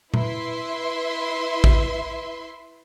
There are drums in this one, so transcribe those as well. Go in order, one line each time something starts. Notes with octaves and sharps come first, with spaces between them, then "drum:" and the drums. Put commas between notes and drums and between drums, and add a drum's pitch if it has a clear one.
E4 B4 E5 C6, drum: tom A#2
drum: kick